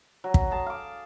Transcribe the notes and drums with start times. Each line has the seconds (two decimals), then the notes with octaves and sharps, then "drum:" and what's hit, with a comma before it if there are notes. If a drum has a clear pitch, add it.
0.24 F#3
0.34 drum: kick
0.51 G#4 A5
0.66 F5 D6